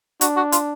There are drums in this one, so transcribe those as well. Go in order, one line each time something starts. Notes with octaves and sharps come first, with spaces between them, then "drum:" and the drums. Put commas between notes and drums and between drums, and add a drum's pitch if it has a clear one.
D4 F#4, drum: hi-hat
F#4
F4, drum: hi-hat